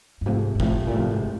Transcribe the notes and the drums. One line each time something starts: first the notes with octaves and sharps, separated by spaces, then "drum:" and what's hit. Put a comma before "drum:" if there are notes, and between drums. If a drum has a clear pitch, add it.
G2
G#2 C3 F3 A3
G#2
A2 C3 F3 A3, drum: kick
A#2
A2 C3 F3 A3
G#2